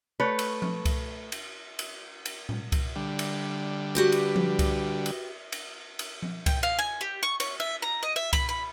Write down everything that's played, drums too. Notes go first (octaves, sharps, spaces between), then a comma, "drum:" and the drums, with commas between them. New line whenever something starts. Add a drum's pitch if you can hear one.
A3 B4 C#5
drum: cymbal
drum: tom F3
drum: kick C2, cymbal
drum: cymbal
drum: cymbal
drum: cymbal
drum: tom A2
drum: kick C2, cymbal
D3 G3
drum: cymbal
F#4 G4 B4
drum: cymbal
drum: tom F3
drum: kick C2, cymbal
drum: cymbal
drum: cymbal
drum: cymbal
drum: tom F3
G5, drum: kick C2, cymbal
F5
G#5
G4
C#6
C#5, drum: cymbal
E5
A#5
D#5
E5
B5, drum: kick C2, cymbal
B5